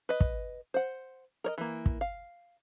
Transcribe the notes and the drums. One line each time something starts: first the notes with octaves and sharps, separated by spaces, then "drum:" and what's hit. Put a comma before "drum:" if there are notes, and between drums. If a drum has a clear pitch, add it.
B4 D#5
drum: kick
C5 F#5
A#4 C#5 D#5
E3 A#3
drum: kick
F5